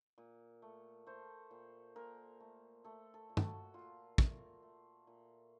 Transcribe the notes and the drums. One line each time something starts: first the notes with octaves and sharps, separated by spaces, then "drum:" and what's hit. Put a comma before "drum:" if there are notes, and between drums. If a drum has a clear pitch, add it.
A#2
A3
A3 C5
A#2
A#2 A#4
A3
A3 A4
A4
A#2
A4, drum: tom
F#4
A#2 F4
A3, drum: kick
A3
A#2